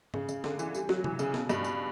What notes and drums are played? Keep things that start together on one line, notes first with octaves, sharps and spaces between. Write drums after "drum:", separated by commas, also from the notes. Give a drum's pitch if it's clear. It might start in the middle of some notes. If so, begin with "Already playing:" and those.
C#3, drum: tom G#2
C#3, drum: tambourine
D3, drum: snare
E3, drum: tambourine
G3, drum: tambourine
F#3, drum: snare
E3, drum: tom C3
C#3, drum: tambourine
B2, drum: snare
G2, drum: tambourine
drum: tambourine